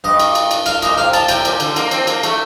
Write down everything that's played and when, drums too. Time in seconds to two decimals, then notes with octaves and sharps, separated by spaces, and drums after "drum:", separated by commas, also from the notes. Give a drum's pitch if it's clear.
0.04 G2 D#5
0.20 drum: cymbal
0.35 drum: cymbal
0.51 drum: cymbal
0.66 F5, drum: cymbal
0.82 A#2 D#5, drum: cymbal
0.97 C3 F5
1.13 A5, drum: cymbal
1.28 C3 G5, drum: cymbal
1.45 A#2, drum: cymbal
1.60 D3, drum: cymbal
1.76 A#3, drum: cymbal
1.91 C4, drum: cymbal
2.07 A#3, drum: cymbal
2.23 A3, drum: cymbal